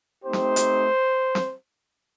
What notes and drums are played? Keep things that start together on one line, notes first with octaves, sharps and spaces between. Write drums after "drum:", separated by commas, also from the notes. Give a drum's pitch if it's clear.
A3 C4 D#4 G4 C5
drum: snare
drum: hi-hat
drum: snare